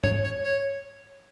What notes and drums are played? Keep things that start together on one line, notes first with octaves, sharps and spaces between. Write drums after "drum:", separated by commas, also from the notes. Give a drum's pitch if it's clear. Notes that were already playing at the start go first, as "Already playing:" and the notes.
C#5, drum: tom
C#5
C#5